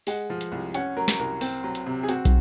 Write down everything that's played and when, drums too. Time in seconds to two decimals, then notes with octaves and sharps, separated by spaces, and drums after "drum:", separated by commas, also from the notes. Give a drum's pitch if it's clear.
0.07 G#3 F#5, drum: open hi-hat
0.30 F3
0.41 drum: hi-hat
0.52 C2
0.74 C#4 F#5, drum: hi-hat
0.97 F#3 A#4
1.08 drum: snare
1.19 C2 A#4
1.41 C4, drum: open hi-hat
1.64 F#3
1.75 drum: hi-hat
1.86 C3
2.03 G#4
2.09 C4 F#4, drum: hi-hat
2.25 drum: kick, hi-hat